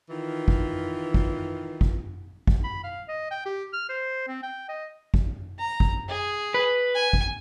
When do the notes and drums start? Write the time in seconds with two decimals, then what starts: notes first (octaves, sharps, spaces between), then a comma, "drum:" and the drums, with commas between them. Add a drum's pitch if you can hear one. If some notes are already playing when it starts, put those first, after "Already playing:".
0.10 D#3 E3 F4
0.48 drum: kick
1.14 drum: kick
1.81 drum: kick
2.47 drum: kick
2.64 B5
2.84 F5
3.08 D#5
3.31 G5
3.46 G4
3.73 F6
3.89 C5
4.28 C4
4.43 G5
4.68 D#5
5.14 drum: kick
5.59 A#5
5.80 drum: kick
6.08 G#4
6.54 B4
6.95 G#5
7.13 drum: kick